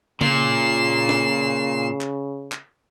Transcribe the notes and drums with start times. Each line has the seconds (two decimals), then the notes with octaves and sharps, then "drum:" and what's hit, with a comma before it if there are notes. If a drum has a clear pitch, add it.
0.21 A#2 C#3 C7 E7, drum: tom C#3
1.09 drum: snare
2.01 drum: clap
2.52 drum: clap